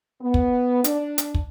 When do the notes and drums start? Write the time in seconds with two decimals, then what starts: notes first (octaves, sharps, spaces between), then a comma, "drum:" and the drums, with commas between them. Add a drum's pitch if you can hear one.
0.21 B3
0.34 drum: kick
0.84 D4, drum: hi-hat
1.18 drum: hi-hat
1.34 drum: kick